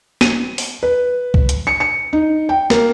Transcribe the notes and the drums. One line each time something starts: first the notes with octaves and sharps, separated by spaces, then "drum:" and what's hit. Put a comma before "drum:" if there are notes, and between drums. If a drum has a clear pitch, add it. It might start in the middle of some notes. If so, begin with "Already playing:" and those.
D#7, drum: snare
drum: open hi-hat
B4
drum: kick C2
drum: hi-hat
C#7
C#7
D#4
G5
A#3, drum: snare